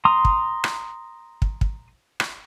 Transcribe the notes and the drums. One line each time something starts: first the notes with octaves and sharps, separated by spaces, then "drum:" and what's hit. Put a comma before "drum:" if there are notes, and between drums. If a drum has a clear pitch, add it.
A#5 C6 D#6
drum: kick
drum: rim click
drum: kick
drum: kick
drum: rim click